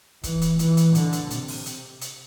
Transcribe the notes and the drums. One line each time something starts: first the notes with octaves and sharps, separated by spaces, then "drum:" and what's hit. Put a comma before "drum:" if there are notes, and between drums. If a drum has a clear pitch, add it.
E3, drum: kick, hi-hat
drum: hi-hat
E3, drum: hi-hat
drum: hi-hat
D3, drum: hi-hat
drum: hi-hat
C3, drum: hi-hat
drum: open hi-hat
drum: hi-hat
drum: hi-hat